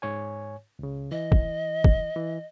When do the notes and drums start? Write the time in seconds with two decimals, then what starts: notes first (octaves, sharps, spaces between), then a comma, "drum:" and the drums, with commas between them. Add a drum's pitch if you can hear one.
0.02 G#2 C#5 G#5
0.79 C#2 C#3
1.12 E3 D#5
1.32 drum: kick
1.84 drum: kick
2.16 E3